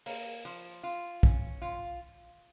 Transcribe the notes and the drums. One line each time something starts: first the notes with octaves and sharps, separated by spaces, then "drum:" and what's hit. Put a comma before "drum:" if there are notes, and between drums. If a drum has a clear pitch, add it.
A#3, drum: open hi-hat
F3
F4
C#4, drum: kick
F4